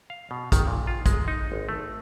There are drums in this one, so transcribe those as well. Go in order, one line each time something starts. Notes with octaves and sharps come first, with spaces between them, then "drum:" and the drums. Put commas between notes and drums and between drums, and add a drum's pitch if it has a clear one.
F5
B2
D#3, drum: kick, hi-hat
A#2
F4
G#3, drum: kick, hi-hat
D#4
G#1
A3